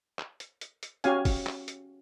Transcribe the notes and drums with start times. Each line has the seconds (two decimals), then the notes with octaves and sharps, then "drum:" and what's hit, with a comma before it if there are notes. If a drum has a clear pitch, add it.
0.19 drum: clap
0.40 drum: hi-hat
0.61 drum: hi-hat
0.83 drum: hi-hat
1.04 C#4 F#4 G4 F5 G#5, drum: hi-hat
1.25 drum: kick, open hi-hat
1.47 drum: clap
1.68 drum: hi-hat